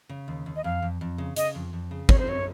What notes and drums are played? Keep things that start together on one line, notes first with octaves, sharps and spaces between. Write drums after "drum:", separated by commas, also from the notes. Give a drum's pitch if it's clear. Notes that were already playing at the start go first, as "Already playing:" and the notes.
C#3
D#2
D#2
D#5
F2 F5
F2
F2
C#3
C#3 D#5, drum: hi-hat
F2
F2
C#3
C4 C#5, drum: kick
C5
F#2 C#5